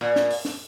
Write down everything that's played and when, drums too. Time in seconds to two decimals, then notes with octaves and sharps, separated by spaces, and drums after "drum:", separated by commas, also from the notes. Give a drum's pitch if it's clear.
0.01 A#2
0.16 drum: snare
0.30 drum: open hi-hat
0.45 drum: snare